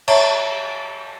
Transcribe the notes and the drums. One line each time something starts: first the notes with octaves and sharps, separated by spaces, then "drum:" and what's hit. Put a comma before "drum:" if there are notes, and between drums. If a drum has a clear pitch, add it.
C#5 E5 A5 A#5 C#6, drum: cymbal